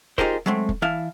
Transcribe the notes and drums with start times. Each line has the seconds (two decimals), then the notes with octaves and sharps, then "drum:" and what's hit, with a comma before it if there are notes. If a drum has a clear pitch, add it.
0.18 D#4 F4 G4 G#4 A#4 C5, drum: kick
0.46 F#3 G#3 A3 C4
0.69 drum: kick
0.82 E3 E4 F5 A5